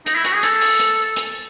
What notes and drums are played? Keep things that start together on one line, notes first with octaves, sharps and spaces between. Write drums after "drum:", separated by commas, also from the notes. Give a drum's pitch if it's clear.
D#4, drum: hi-hat
E4
F#4, drum: hi-hat
G#4
A4, drum: hi-hat
drum: open hi-hat
drum: hi-hat
drum: hi-hat